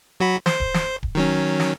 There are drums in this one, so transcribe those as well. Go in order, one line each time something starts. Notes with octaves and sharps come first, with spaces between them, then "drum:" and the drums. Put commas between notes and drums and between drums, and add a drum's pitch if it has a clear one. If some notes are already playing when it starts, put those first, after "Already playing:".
F#3 F#4 B5
C5 C6, drum: snare
drum: kick D1
drum: snare
drum: kick D1
D#3 F#3 C#4
drum: snare